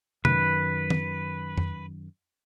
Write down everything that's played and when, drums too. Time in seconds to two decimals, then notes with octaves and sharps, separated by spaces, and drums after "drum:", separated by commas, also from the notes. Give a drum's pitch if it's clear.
0.25 F#2 D#3 B4, drum: tom
0.90 drum: tom
1.57 drum: tom F2